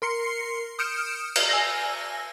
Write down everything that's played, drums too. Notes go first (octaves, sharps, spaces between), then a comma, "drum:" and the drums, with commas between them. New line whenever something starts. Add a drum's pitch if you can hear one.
A#4 C6 C7 C#7
D#6 F6 G6 C#7 D7 E7
drum: cymbal
G#5 E6 A#6